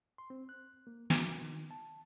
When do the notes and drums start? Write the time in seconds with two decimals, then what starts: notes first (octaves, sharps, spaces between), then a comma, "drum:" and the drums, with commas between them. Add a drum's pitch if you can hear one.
0.18 C6
0.30 C4
0.49 F#6
0.87 A#3
1.10 D6, drum: snare
1.42 D#3
1.71 A5